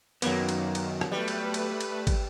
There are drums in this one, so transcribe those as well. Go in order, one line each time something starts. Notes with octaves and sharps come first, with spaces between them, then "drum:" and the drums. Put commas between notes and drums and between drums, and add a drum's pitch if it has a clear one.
F#2 D#3 F#3 A#3 B3, drum: cymbal
drum: cymbal
drum: cymbal
drum: rim click
G3 A3 B4
drum: cymbal
drum: cymbal
drum: cymbal
drum: kick, cymbal